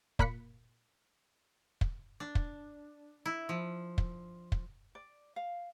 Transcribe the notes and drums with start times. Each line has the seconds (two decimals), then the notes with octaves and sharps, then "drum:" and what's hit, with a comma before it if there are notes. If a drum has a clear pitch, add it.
0.19 A#2 A#3 B5 F#6 B6 C#7, drum: kick
1.81 drum: kick
2.20 D4
2.35 drum: kick
3.26 E4
3.49 F3
3.98 drum: kick
4.52 drum: kick
4.95 D5
5.36 F5